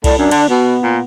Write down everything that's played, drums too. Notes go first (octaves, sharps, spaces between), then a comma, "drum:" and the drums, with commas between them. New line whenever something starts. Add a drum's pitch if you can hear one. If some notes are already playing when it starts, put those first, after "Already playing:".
A2 D5, drum: kick C2, cymbal
F#2 D4
D3, drum: cymbal
B2 B3
A#2